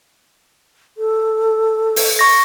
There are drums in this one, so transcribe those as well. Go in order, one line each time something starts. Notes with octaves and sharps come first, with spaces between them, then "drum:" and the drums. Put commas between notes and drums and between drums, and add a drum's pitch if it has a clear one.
A4
drum: open hi-hat
C#6 A#6